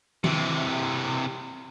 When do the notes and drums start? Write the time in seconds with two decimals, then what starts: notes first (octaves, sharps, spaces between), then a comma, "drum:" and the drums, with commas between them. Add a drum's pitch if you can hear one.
0.24 C3 E3, drum: tom D#3